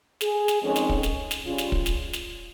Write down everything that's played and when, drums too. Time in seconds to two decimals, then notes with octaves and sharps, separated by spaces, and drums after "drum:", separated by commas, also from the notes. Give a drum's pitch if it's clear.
0.21 G#4, drum: snare
0.48 drum: snare
0.62 F2 D#3 G#3 C#4
0.76 drum: snare
0.89 drum: kick
1.03 drum: snare
1.31 drum: snare
1.45 C#3 G3 C#4 F4
1.58 drum: snare
1.72 drum: kick
1.86 drum: snare
2.13 drum: snare